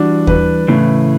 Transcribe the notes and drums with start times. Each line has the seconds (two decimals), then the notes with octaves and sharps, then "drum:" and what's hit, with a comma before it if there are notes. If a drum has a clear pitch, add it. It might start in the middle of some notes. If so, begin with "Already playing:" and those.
Already playing: E3 G3 D4 F#4
0.27 B4, drum: kick D#2
0.68 A2 C#3 E3